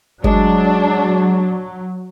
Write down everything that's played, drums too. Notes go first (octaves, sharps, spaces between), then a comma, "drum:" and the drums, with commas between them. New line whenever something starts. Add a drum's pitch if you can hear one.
F#3 G#3 D4, drum: kick G1